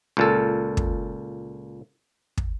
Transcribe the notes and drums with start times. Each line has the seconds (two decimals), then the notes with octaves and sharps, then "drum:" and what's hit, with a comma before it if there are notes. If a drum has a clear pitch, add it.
0.17 C#2 A#2 A4
0.77 drum: kick
2.37 drum: kick